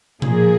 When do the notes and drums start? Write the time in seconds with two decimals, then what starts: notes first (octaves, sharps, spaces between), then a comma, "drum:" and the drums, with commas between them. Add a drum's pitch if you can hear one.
0.22 A#2 F3 A#3 G#4, drum: tom